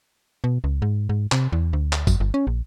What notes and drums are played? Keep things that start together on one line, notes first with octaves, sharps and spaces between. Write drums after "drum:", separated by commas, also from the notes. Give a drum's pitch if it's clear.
B2
C#2
G#2
G#2
C3, drum: clap
E2
D2
drum: clap
F#2, drum: kick G1, tambourine
G1
C#4
A#1